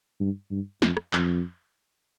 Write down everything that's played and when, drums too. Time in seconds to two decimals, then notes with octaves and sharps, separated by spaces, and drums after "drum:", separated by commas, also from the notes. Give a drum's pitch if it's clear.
0.20 G2
0.51 G2
0.82 F2, drum: snare
0.97 drum: rim click
1.13 F2, drum: clap